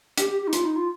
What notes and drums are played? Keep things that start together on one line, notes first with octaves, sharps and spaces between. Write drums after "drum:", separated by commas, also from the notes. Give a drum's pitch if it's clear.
G4, drum: hi-hat
G4
G4
D#4
F4, drum: hi-hat
D#4
F4